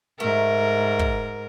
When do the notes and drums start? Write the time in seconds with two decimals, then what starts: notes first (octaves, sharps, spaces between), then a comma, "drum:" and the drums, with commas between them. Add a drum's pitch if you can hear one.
0.20 G#2 A3 A#4
0.99 drum: kick